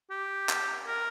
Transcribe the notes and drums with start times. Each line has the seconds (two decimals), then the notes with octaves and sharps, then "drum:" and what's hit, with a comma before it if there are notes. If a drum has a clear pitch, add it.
0.11 G4
0.49 drum: clap
0.87 A#4